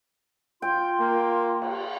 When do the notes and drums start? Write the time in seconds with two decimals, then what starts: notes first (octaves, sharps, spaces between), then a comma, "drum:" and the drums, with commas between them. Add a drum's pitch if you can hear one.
0.62 F4 G5 C6
1.00 A#3
1.62 drum: cymbal